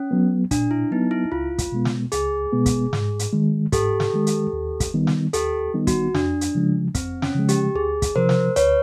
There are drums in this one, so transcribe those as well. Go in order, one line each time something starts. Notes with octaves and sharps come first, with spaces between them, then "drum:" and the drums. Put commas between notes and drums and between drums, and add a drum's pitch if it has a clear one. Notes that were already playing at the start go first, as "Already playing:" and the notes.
Already playing: C#4
F#3 B3
A#2 D4, drum: kick, hi-hat
E4
F#3 B3 D#4
E4
C#2 F4
drum: kick, hi-hat
B2 G#3 B3
drum: snare
C#2 G#4, drum: hi-hat
B2 G#3 B3
drum: kick, hi-hat
G#2, drum: snare
drum: hi-hat
D#3 G#3
G#2 G4 A4, drum: kick, hi-hat
drum: snare
D#3 G#3
drum: hi-hat
D#2
drum: kick, hi-hat
D#3 G3 B3 D#4
drum: snare
D#2 G4 A4, drum: hi-hat
D#3 G3 B3 D#4
F#4, drum: kick, hi-hat
F2 D4, drum: snare
drum: hi-hat
C#3 F3 G#3
F2 C4, drum: kick, hi-hat
C#4, drum: snare
C#3 F3 G#3
G4, drum: hi-hat
D2 G#4
drum: kick, hi-hat
C3 F3 A#4 C5
drum: snare
D2 B4 C#5, drum: hi-hat